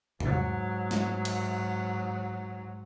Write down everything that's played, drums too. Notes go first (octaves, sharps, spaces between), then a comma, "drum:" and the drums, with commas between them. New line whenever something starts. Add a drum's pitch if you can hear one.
G#2 F#3, drum: tom
drum: snare
drum: cymbal